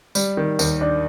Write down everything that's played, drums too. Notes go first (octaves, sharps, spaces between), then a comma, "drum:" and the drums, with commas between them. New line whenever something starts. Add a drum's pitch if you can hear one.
G3, drum: tambourine
D#3
D#2, drum: tambourine
D4